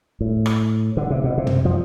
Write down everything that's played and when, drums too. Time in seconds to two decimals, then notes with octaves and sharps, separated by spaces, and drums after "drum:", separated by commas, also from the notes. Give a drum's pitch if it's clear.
0.21 A2
0.46 drum: rim click
0.97 D3
1.10 C3
1.24 B2
1.38 C3
1.47 drum: tom
1.65 F3